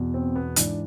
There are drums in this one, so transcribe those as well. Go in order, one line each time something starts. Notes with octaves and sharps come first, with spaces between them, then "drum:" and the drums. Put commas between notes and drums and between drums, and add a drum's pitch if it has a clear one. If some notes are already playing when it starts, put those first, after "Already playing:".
Already playing: E2 B2
C4
B3
G#2 E3 D4, drum: hi-hat